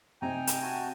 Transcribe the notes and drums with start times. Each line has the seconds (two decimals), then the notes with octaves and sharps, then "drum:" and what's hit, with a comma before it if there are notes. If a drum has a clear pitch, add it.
0.22 C3 D#4 G5 G#5 A#5
0.47 drum: hi-hat
0.62 F#4 G#5 A5